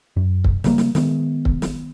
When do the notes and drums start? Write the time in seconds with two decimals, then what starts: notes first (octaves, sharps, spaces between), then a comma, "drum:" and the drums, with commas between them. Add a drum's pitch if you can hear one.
0.16 F#2
0.44 drum: kick C#1
0.64 C#3 F3 G3 A#3, drum: snare
0.78 drum: snare
0.95 D#3 G#3 B3, drum: snare
1.45 drum: kick C#1
1.62 drum: snare